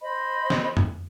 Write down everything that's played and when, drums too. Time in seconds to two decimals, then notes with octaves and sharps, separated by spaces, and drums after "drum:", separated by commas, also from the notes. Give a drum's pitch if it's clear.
0.02 C5 D#5 B5
0.50 drum: snare
0.77 drum: tom F2